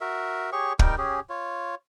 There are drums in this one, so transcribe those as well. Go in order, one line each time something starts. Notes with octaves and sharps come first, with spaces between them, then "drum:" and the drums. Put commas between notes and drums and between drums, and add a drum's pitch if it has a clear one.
F#4 A#4 E5
G4 G#4 C#5 C#6
G3 D#4 A#4 G5, drum: kick
C#4 G4 G#4
F4 C#5